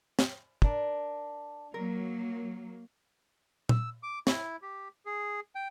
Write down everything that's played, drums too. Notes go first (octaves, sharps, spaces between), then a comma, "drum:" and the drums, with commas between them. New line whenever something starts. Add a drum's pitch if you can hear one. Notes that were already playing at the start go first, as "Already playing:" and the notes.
drum: snare
D4 A#4, drum: kick
F#3 A#3 A#4
E6, drum: tom A#2
D6
E4, drum: snare
G4
G#4
G5